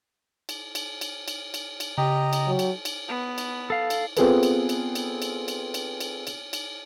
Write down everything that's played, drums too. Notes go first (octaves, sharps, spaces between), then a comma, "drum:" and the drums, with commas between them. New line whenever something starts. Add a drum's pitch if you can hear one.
drum: cymbal
drum: cymbal
drum: cymbal
drum: cymbal
drum: cymbal
drum: cymbal
C#3 G4 D#5 A#5
drum: cymbal
F#3
drum: cymbal
drum: cymbal
B3
drum: cymbal
A4 F5
drum: cymbal
B3 C4 F4 G#4 A4 B4, drum: cymbal
drum: cymbal
drum: cymbal
drum: cymbal
drum: cymbal
drum: cymbal
drum: cymbal
drum: cymbal
drum: cymbal
drum: cymbal